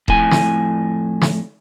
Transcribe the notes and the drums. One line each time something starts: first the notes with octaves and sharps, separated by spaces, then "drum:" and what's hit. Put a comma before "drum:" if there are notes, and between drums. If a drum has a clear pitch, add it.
F2 A2 G#5, drum: kick D#1
drum: snare
drum: snare